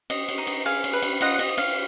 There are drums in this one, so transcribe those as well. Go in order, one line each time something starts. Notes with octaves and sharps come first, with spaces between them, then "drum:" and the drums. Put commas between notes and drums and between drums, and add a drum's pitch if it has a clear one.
D#5, drum: cymbal
drum: cymbal
D#4
drum: cymbal
G#4 F5
drum: cymbal
B4
drum: cymbal
F4 D#5 F#5, drum: cymbal
D#5, drum: cymbal
F4
F5, drum: cymbal